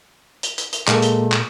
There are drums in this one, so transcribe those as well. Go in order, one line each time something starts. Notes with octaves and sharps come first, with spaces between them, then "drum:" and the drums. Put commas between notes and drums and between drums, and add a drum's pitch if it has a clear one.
drum: hi-hat
drum: hi-hat
drum: hi-hat
A#2 G#3 A#3 A4, drum: clap
drum: hi-hat
drum: clap